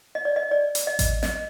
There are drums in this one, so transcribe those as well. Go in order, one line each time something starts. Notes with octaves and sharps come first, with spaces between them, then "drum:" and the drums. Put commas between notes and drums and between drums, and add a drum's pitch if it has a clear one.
D#5
D5
D#5
D5
drum: hi-hat
D#5
drum: kick A1, hi-hat
D#5, drum: snare